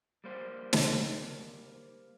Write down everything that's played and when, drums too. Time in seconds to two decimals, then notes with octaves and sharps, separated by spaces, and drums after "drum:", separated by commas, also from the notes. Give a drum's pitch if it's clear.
0.24 G3 A#3 C5
0.73 drum: snare